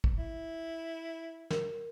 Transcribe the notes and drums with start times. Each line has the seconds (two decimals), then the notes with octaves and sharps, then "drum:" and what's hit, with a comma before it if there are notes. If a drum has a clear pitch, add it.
0.04 drum: kick
0.18 E4
1.50 A#4, drum: snare